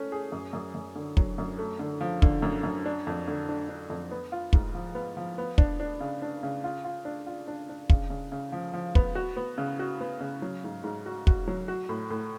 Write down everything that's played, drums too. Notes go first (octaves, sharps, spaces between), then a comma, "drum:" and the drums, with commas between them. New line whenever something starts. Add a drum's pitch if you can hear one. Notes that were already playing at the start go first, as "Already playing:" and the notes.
Already playing: A3 C#4
G#4
F#2
F#2
F#2
D3
F#3, drum: kick
F#2
A3
D3
F3
D3, drum: kick
F#2
F#2
D4
F2
D3
D4
D4
F2
B3
F4
G#2, drum: kick
F3
B3
F3
B3
D4, drum: kick
D4
C#3
D4
C#3
F4
F4
D4
F4
D4
D4
C#3, drum: kick
C#3
C#3
F3
F3
B3, drum: kick
F#4
B3
C#3
F#4
B3
C#3
F#3
G#2
G#2
F#4
F#4, drum: kick
F#3
F#4
A2
A2